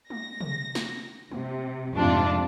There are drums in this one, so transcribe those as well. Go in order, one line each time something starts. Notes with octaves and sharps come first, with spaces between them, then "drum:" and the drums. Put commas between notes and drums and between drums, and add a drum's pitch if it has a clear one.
A#6, drum: tom
drum: tom
drum: snare
C3, drum: tom
F2 G#2 C3 A3 D4 F4